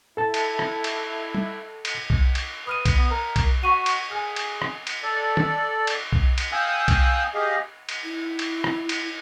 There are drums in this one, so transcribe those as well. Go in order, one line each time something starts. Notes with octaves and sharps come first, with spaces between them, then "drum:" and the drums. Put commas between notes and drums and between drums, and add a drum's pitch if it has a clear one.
E4 A4 A5
drum: cymbal
drum: rim click
drum: cymbal
drum: tom
drum: cymbal
drum: kick B1
drum: cymbal
B4 D#6 F6 D#7
drum: kick B1, cymbal
B3
A#4
drum: kick B1, cymbal
F#4 F#5 C#6 D#7
drum: cymbal
G#4 G#5 F6
drum: cymbal
drum: rim click
drum: cymbal
A4 D5
drum: tom D#3
drum: cymbal
drum: kick B1
drum: cymbal
F5 G5 G#5 D#6 E6 F#6
drum: kick B1, cymbal
G4 G#4 D#5 F5
drum: cymbal
E4
drum: cymbal
drum: rim click
drum: cymbal